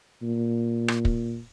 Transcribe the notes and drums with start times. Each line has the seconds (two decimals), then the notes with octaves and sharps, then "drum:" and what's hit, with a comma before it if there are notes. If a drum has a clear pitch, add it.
0.23 A#2
0.88 drum: rim click
1.05 drum: kick